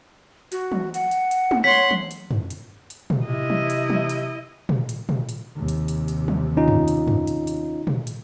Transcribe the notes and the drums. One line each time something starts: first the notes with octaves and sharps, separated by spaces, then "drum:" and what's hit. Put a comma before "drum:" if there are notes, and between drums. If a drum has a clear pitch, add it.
F#4, drum: hi-hat
drum: tom
F#5, drum: hi-hat
drum: hi-hat
drum: hi-hat
drum: tom
C#5 F#5 C6 B6
drum: tom
drum: hi-hat
drum: tom
drum: hi-hat
drum: hi-hat
drum: tom
C3 E4 D#5
drum: tom
drum: hi-hat
drum: tom
drum: hi-hat
drum: tom
drum: hi-hat
drum: tom
drum: hi-hat
D#2 C3
drum: hi-hat
drum: hi-hat
drum: hi-hat
drum: tom
C#4 D#4 F4
drum: tom
drum: hi-hat
drum: tom
drum: hi-hat
drum: hi-hat
drum: tom
drum: hi-hat